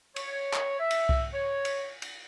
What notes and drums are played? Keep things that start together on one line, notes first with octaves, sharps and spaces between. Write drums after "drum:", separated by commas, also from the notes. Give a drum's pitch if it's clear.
C#5, drum: cymbal
drum: clap
E5
drum: cymbal
drum: kick C2
C#5
drum: cymbal
drum: cymbal